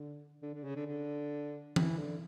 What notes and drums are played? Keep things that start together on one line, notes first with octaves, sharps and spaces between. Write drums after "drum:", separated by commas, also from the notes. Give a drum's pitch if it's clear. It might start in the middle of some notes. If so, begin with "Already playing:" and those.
Already playing: D3
D3
D3
C#3
D3
D3
E3, drum: tom E3
D3